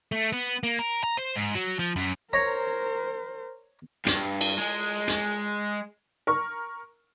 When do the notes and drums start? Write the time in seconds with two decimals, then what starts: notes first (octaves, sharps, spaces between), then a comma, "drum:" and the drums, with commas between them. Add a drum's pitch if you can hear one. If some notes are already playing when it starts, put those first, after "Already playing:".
0.12 A3
0.33 B3
0.63 A#3
0.79 A#4
1.04 A#5
1.17 C5
1.36 G#2
1.55 F#3
1.79 F3
1.96 F#2
2.33 A#4 C5 C#5 A#5
4.06 G2, drum: hi-hat
4.41 drum: cymbal
4.59 G#3
5.08 drum: hi-hat
6.27 A#4 C#6